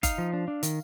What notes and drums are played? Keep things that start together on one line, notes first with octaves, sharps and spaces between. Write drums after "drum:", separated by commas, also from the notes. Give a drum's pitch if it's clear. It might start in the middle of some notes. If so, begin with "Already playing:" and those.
D#4 F5, drum: kick F#1, hi-hat
F3
D4
D4
D#3, drum: hi-hat